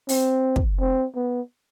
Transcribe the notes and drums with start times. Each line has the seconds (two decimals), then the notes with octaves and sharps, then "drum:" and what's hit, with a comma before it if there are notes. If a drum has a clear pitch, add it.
0.09 C4, drum: open hi-hat
0.56 drum: kick
0.80 C4
1.16 B3